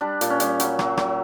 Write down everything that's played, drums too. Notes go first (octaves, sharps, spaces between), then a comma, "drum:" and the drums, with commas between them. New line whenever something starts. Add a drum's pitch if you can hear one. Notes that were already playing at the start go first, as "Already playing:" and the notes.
G3 D4
A#2, drum: hi-hat
C#4
G3, drum: hi-hat
F#3, drum: hi-hat
F#3, drum: rim click
F#3, drum: rim click